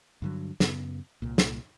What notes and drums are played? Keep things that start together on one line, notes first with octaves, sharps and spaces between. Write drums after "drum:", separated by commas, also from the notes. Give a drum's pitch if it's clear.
G2 D3 F#3
F#2 C#3 B3, drum: snare
C2 A#2
drum: snare